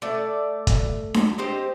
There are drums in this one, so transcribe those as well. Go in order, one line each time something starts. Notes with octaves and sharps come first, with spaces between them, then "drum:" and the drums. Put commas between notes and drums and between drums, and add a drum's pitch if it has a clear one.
A3 D5 A5
drum: kick G1, hi-hat
drum: snare D4
C4 G4 C5 D#5